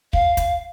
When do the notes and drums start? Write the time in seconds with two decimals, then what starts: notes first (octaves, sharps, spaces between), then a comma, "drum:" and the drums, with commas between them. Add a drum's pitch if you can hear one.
0.13 F5, drum: kick
0.37 drum: kick, hi-hat